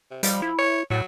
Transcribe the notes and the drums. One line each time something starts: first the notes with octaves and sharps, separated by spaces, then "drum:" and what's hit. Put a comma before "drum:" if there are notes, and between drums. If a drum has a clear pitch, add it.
C3
F3 G3, drum: hi-hat
E4
C#5
A2 F#3